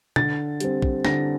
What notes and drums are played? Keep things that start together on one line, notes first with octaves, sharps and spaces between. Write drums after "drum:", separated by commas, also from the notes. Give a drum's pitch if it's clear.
D3 A6, drum: tom B2
G3 C4, drum: hi-hat
drum: kick
D3 A#6, drum: snare